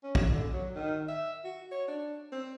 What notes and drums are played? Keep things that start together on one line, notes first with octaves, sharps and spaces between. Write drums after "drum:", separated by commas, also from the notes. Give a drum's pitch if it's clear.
C#4
drum: kick
D3
F#3
D#3
E5
F#4
C#5
D4
C4